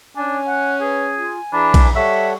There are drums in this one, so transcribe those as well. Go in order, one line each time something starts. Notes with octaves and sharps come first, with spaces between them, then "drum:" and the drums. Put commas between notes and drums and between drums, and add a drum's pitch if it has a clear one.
C#4 D4 G#5
F#5
G#4 B4
F4
E3 D4 G#4 A#5 B5
drum: kick A#1, cymbal
G3 A4 C#5 E5 F#5 C#6